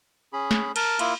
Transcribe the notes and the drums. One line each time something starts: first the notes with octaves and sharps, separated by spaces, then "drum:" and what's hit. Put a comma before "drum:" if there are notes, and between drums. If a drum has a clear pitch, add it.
C#4 G#4 B5
drum: snare
A#4 A5, drum: cymbal
A#3 E4 F4, drum: cymbal